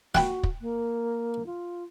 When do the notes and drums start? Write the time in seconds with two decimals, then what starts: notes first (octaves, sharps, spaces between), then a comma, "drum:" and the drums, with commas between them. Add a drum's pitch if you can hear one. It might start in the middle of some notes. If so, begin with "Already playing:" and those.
0.15 F#4 F#5 G5 B5, drum: snare
0.43 drum: kick
0.61 A#3
1.46 F4